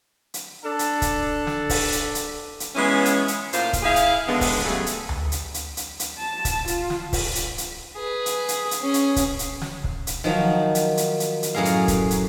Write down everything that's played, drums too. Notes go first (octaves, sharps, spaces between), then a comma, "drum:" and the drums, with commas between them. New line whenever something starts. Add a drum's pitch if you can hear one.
drum: hi-hat
D4 A4
drum: hi-hat
drum: kick C#1, hi-hat
drum: snare
drum: kick C#1, open hi-hat
drum: hi-hat
drum: hi-hat
drum: hi-hat
E3 G#3 B3 C#4
drum: hi-hat
drum: hi-hat
A2 A#3 F4 C5, drum: hi-hat
drum: kick C#1, hi-hat
E4 G#4 F5
drum: hi-hat
D3 D#3 G#3 B3
drum: kick C#1, open hi-hat
C#3 F#3 G3 A3 G#4 A4
drum: hi-hat
drum: tom D2
drum: hi-hat
drum: hi-hat
drum: hi-hat
drum: hi-hat
A5
drum: kick C#1, hi-hat
F4, drum: hi-hat
drum: snare
drum: kick C#1, open hi-hat
drum: hi-hat
drum: hi-hat
G#4 B4
drum: hi-hat
drum: hi-hat
drum: hi-hat
C#4 G#4
drum: hi-hat
drum: kick C#1, hi-hat
drum: hi-hat
drum: snare
drum: kick C#1
drum: hi-hat
D#3 F3 F#3
drum: hi-hat
drum: hi-hat
drum: hi-hat
drum: hi-hat
F#2 A2 G#4 A#4 F5
drum: hi-hat
drum: kick C#1, hi-hat
drum: hi-hat